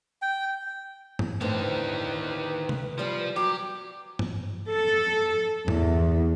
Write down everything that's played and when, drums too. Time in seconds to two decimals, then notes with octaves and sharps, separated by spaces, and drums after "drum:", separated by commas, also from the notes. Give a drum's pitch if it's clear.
0.22 G5
1.19 drum: tom G2
1.41 A2 D3 D#3 C4 G4 B4
2.69 drum: tom C3
2.98 E2 F3 G3 B4
3.36 F#3 G4 D6
4.19 drum: tom G2
4.69 A4
5.68 E2, drum: tom G2